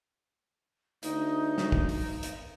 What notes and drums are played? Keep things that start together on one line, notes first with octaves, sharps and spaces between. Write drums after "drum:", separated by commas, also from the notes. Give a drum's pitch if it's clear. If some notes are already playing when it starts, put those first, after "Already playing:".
D2 D#4, drum: hi-hat
drum: snare
drum: kick
drum: open hi-hat
drum: hi-hat